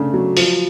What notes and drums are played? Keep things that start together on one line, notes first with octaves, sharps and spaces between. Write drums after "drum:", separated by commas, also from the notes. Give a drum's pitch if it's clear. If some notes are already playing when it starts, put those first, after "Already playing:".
Already playing: C#3 A3 D4
F#3
F3, drum: open hi-hat